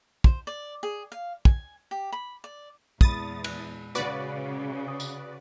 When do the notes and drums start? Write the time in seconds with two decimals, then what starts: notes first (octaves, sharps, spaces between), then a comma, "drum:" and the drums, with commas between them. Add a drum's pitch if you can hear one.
0.24 C5, drum: kick
0.47 D5
0.83 G#4
1.12 F5
1.45 G#5, drum: kick
1.91 G4
2.12 B5
2.44 D5
3.01 E2 A#2 G#3 B5 D#6 A6, drum: kick
3.44 drum: cymbal
3.95 C#3 F#4 B4 D5
4.88 D#6
5.00 drum: tambourine